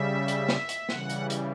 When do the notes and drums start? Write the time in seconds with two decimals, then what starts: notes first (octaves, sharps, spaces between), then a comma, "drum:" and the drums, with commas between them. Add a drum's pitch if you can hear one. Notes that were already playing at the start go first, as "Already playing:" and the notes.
Already playing: C#3 G3 E5
0.28 drum: hi-hat
0.49 drum: snare
0.69 drum: hi-hat
0.89 C#3 E3 G3 F#5, drum: snare
1.10 drum: hi-hat
1.30 drum: hi-hat